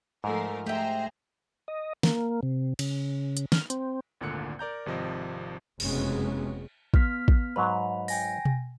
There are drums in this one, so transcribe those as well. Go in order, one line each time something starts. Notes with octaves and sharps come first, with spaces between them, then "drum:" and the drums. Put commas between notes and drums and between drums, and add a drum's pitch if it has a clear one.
G#2 F3 A3 A#4
A3 G4 G#4 C5 E5 G5 A#5
D#5
A#3, drum: snare
C3
C#3, drum: cymbal
drum: hi-hat
F6, drum: snare
C4, drum: hi-hat
G#1 D2 A#2 D3 F#6 C#7
A#4 D5 A#5 G6
G#1 C3 F3 D#5
F#1 F2 C3 G#3 B3 C#4, drum: cymbal
B3 F6 B6, drum: kick
drum: kick
G#2 F#3 B4 B5
G5 G#5 A#6, drum: open hi-hat
drum: tom B2